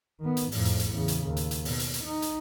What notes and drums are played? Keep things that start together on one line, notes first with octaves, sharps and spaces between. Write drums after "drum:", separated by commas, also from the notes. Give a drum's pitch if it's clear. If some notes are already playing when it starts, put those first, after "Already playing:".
D#3 B3
drum: hi-hat
F2 A2, drum: open hi-hat
drum: hi-hat
drum: hi-hat
E2 C#3
drum: hi-hat
D#2
drum: hi-hat
drum: hi-hat
B2, drum: open hi-hat
drum: hi-hat
drum: hi-hat
D#4
drum: hi-hat